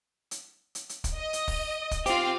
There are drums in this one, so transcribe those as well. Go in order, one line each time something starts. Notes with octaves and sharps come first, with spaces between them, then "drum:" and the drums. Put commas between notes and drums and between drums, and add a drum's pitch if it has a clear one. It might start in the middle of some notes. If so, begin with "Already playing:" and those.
drum: hi-hat
drum: hi-hat
drum: hi-hat
drum: kick, hi-hat
D#5
drum: hi-hat
drum: kick, open hi-hat
drum: kick, hi-hat
C4 F4 G4 F5, drum: hi-hat